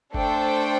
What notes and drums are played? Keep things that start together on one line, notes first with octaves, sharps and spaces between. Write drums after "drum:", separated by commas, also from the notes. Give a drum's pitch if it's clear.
A3 D4 A4 C5 G5, drum: kick F#1